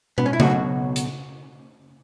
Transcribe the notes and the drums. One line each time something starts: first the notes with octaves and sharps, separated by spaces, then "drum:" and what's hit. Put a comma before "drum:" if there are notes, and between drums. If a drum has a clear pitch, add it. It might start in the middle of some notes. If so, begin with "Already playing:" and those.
B3, drum: tom
C#4
E4
B1 B2 F#3 F#4, drum: tom C#3
drum: hi-hat